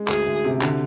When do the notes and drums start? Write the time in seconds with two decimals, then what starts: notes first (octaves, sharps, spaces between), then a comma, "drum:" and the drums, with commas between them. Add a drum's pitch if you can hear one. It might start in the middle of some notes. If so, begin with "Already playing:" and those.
Already playing: G#3
0.08 D2 G#4, drum: clap
0.27 D2
0.44 C3
0.62 D3, drum: clap